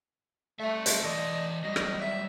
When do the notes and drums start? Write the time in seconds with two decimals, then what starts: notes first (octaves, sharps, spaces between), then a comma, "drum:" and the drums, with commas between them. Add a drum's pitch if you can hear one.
0.60 G3 A3 E5
0.86 drum: hi-hat
1.04 E3 D5 D#5 A5
1.64 F#3 G3 D#5
1.76 drum: rim click
2.01 E5